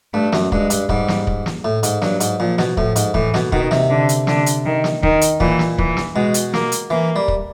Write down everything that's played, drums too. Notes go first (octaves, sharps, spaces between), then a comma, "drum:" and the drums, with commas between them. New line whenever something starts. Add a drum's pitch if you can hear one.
G2 A3
F#2, drum: snare
G2 G#3, drum: kick
G2, drum: hi-hat
G#2 G3, drum: kick
drum: snare
drum: kick
drum: snare
A2
G#2, drum: hi-hat
G2 F#3, drum: snare
G#2, drum: hi-hat
A#2 F3
B2, drum: snare
A2 F3, drum: kick
G#2, drum: hi-hat
A2 E3, drum: kick
B2, drum: snare
B2 D#3, drum: kick
C3, drum: snare
D3
drum: hi-hat
D3, drum: snare
drum: hi-hat
D#3
drum: snare
D#3, drum: kick
drum: hi-hat
A#2 E3, drum: kick
drum: snare
E3, drum: kick
drum: snare
B2 G#3
drum: hi-hat
A#3, drum: snare
drum: hi-hat
E3 A#3
G3
drum: kick